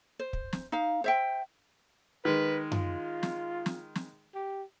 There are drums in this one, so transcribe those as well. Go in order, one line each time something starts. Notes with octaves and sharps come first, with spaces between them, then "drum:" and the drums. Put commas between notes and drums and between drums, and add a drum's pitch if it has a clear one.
C5
drum: kick
drum: snare
D#4 F5
C5 E5 G5
D#3 G#3 B4
F4, drum: tom F#2
drum: snare
drum: snare
drum: snare
G4